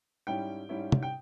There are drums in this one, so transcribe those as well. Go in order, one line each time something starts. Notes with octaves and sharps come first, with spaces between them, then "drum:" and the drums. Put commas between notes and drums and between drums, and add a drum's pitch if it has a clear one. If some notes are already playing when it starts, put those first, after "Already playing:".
G#2 G3 C#4 E4 G5
G#2 G3 C#4 E4
drum: tom
G5